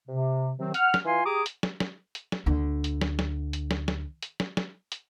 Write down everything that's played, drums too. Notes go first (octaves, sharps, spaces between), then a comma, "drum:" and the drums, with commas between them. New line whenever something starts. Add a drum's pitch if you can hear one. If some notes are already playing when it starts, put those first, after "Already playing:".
C3
C3 D#3 F#3 C4
F#5 F6, drum: hi-hat
drum: snare
E3 F4 F5 G#5 C6
G4 G#4 A#5 D6 D#6
drum: hi-hat
drum: snare
drum: snare
drum: hi-hat
drum: snare
D2 D3
drum: hi-hat
drum: snare
drum: snare
drum: hi-hat
drum: snare
drum: snare
drum: hi-hat
drum: snare
drum: snare
drum: hi-hat